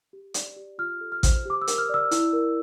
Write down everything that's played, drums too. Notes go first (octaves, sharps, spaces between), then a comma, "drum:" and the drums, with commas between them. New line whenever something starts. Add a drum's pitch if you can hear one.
G4
D5, drum: hi-hat
G4
F4 F6
A4
F6
C5, drum: kick, hi-hat
G4 D6
E6
A#4, drum: hi-hat
F6
D5 E6
E4, drum: hi-hat
A#4